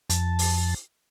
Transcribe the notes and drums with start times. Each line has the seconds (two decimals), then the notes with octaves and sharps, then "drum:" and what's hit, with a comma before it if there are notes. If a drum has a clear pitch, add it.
0.10 F2 A5, drum: hi-hat
0.39 drum: open hi-hat